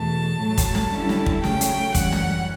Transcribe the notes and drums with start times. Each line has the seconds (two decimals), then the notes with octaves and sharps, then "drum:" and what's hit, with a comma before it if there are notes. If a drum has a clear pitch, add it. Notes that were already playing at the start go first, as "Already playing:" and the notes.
Already playing: E2 B2 A3 A5
0.40 A2 F#3 A3
0.58 drum: kick, hi-hat
0.75 drum: snare
0.92 D3 G3 C#4 E4
1.09 drum: snare
1.26 drum: kick
1.44 C#3 F#3 A3 C#4 G5, drum: snare
1.61 drum: hi-hat
1.95 F#2 E3 G3 C#4 F#5, drum: kick, hi-hat
2.12 drum: snare